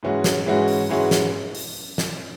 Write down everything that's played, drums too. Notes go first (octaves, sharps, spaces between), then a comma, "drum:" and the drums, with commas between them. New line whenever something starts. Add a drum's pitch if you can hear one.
G#2 E3 G#3 C#4 F#4
drum: snare
G#2 E3 G#3 C#4 F#4
drum: open hi-hat
G#2 E3 G#3 C#4 F#4
drum: snare
drum: open hi-hat
drum: snare